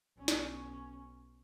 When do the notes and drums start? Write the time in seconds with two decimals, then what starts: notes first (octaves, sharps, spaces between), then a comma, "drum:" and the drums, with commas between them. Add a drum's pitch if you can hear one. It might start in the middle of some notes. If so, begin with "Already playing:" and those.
0.17 B1 C#4
0.28 drum: snare